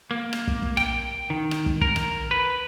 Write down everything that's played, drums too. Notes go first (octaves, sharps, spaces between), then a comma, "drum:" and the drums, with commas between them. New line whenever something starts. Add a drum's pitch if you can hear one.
A#3
drum: rim click
drum: kick
drum: kick
G5, drum: rim click
D#3
drum: rim click
drum: kick
A#4, drum: kick
drum: rim click
B4